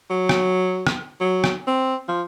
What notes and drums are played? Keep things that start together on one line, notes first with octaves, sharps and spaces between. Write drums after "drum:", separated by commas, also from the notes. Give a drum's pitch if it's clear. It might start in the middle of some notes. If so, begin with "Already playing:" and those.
F#3
drum: rim click
drum: rim click
F#3
drum: rim click
C4
F3